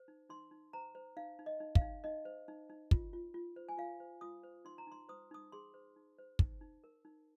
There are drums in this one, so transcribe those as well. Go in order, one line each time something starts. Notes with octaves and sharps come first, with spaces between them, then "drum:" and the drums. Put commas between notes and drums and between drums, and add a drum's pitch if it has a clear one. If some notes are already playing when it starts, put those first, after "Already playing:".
Already playing: C5
D#4
D#4 C6
D#4
C5 A#5
C5
D#4 F5
D#4
D#5
D#4
F5, drum: kick
D#4
D#4 D#5
C5
D#4
D#4
F4, drum: kick
F4
F4
C5
G#5
F4 F5
C5
F4 D#6
C5
D#4 C6
A#5
D#4 C6
C5 D#6
D#4 D#6
G#4 C6
C5
D#4
C5
D#4, drum: kick
D#4
A#4
D#4